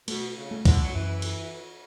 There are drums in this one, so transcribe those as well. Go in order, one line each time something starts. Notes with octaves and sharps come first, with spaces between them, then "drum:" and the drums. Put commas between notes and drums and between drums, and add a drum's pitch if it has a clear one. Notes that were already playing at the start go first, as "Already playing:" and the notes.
B2 A3, drum: cymbal
C#3
A3
D3, drum: kick, cymbal
F#3
F#2 E3
drum: cymbal